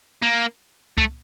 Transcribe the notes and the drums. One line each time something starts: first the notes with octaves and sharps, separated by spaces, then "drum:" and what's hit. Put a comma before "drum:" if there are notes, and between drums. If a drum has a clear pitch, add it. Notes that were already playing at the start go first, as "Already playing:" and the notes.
A#3
A3, drum: kick